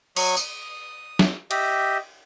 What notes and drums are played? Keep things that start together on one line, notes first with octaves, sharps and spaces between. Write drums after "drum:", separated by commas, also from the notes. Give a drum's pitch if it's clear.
F#3 C#6 D#6, drum: cymbal
D#6, drum: tambourine
drum: snare
G4 D#5 E5, drum: cymbal